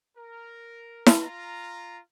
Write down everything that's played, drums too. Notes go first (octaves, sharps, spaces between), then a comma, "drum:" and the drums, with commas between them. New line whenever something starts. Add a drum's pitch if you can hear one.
A#4
drum: snare E4
F4 A#5